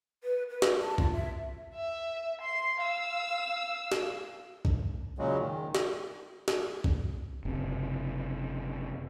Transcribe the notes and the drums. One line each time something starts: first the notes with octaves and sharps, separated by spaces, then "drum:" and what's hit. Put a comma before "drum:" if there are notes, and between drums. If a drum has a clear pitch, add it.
B4
B4
drum: snare
A5
F4, drum: kick B1
E5
E5
C6 C7
F5 E6
drum: snare
drum: kick B1
A#2 C#3 F#3 G#3
D#3
drum: snare
drum: snare
drum: kick B1
F#1 C3